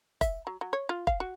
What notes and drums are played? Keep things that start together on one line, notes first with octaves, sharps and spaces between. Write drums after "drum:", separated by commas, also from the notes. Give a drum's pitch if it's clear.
E5, drum: kick F1, hi-hat
F#3
F#3
C#5
F4
F5, drum: kick F1
F#4